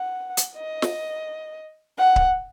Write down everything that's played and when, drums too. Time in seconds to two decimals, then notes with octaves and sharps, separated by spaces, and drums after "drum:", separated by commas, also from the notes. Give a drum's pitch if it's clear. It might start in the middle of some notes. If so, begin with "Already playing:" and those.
Already playing: F#5
0.37 drum: hi-hat
0.56 D#5
0.82 drum: snare
1.98 F#5
2.16 drum: kick C#1